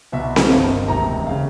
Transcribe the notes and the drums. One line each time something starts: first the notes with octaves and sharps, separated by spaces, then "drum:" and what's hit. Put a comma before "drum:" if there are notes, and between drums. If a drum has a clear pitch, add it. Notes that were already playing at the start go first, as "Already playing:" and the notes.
C2 B2 E5
drum: snare C4
G1 G2 D#3 F5
E1 D2 C3 D#3 A#5
C#3 F5